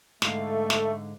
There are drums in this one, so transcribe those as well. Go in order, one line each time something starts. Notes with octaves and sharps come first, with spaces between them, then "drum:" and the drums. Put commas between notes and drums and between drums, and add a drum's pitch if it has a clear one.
G#2 D3 A3 F5, drum: snare
drum: snare